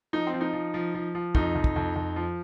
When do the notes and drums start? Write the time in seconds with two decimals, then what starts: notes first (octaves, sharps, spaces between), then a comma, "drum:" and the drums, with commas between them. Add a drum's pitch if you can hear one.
0.13 F3 D#4
0.27 C4
0.33 F3
0.41 D#4
0.53 F3
0.74 F3
0.94 F3
1.15 F3
1.35 F2 D#4, drum: kick
1.55 F2
1.64 drum: kick
1.76 F2
1.96 F2
2.16 F3